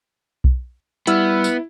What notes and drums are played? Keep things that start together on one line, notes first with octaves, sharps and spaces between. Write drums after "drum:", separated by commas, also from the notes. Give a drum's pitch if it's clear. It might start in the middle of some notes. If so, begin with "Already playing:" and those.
drum: kick B1
G3 B3 E4 E6 F6, drum: hi-hat
drum: tambourine